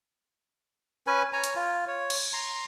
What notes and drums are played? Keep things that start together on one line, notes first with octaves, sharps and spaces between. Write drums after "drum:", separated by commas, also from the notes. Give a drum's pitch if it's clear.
C#4 B4 G#5
C#5 G#5 A#5
drum: hi-hat
F4
C#5
drum: cymbal
A#5 C6